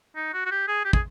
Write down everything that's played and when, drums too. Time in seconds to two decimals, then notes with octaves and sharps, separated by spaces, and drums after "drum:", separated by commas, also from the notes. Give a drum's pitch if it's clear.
0.16 D#4
0.34 F#4
0.46 F#4
0.51 G4
0.68 G#4
0.85 G4
0.93 G#4, drum: kick